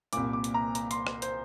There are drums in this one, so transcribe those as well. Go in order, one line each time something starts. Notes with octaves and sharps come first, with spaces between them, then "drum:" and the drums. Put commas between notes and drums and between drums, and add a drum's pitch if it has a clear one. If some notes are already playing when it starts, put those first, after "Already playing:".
C2 A#2 D6, drum: hi-hat
D6
drum: hi-hat
A#5
A#5, drum: hi-hat
C6, drum: hi-hat
drum: rim click
C5, drum: hi-hat